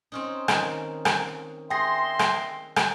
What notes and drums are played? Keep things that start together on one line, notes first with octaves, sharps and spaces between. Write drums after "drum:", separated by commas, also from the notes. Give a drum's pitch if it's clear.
C4 C#4 D#4
D#3, drum: rim click
drum: rim click
G#4 E5 G5 C6 A#6
drum: rim click
drum: rim click